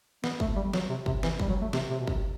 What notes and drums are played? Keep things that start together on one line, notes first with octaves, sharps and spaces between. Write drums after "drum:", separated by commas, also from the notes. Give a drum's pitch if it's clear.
B3, drum: snare
A3, drum: kick
G3
F#3, drum: snare
C3
C3, drum: kick
E3, drum: snare
G3, drum: kick
F#3
A3
C3, drum: snare
C3
B2
C3, drum: kick